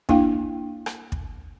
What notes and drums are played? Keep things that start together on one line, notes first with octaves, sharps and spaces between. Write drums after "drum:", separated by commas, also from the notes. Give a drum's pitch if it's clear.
A#3 D4 E4 F5 G5, drum: kick
drum: rim click
drum: kick